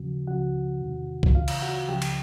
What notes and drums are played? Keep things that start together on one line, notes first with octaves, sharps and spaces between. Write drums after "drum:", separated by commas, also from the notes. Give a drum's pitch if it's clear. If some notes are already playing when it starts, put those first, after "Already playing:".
Already playing: D#2 C#3 F3 F#4
C#2 C#3 F3 F#4 F#5
E2 C3 D#3
drum: kick
D2 C#3 E3 F4 F5
drum: cymbal
F#4 F#5
C#2 C#3 F3 G4 G5
drum: cymbal